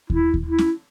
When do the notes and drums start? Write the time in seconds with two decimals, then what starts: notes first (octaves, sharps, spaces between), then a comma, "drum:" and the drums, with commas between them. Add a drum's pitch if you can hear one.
0.10 E4, drum: kick D#2
0.34 drum: kick D#2
0.46 E4
0.58 drum: snare C#4